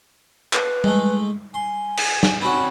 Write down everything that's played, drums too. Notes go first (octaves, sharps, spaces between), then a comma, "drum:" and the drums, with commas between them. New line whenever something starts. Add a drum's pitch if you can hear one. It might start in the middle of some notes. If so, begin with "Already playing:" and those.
B4, drum: clap
G#3 A3, drum: tom G3
G#5 C6
drum: cymbal
drum: snare
C4 C#4 F#4 B5